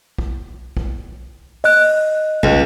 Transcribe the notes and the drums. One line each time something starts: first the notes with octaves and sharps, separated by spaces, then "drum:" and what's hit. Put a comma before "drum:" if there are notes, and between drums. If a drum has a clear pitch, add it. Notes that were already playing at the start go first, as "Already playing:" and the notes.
drum: kick
drum: kick
D#5 F#6, drum: open hi-hat
C#2, drum: kick